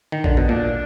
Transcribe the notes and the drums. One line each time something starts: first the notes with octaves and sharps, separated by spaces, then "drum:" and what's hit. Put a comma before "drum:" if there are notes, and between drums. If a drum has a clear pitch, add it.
D#3
D3, drum: kick
B2
A#2 D4